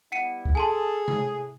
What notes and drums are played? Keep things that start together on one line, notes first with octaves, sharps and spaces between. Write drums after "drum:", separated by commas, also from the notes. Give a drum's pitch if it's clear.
G3 B3 E4 F#5 C#7 D#7
drum: kick C#2
G#4 A4 G#5 A5 C6
A2, drum: tom C3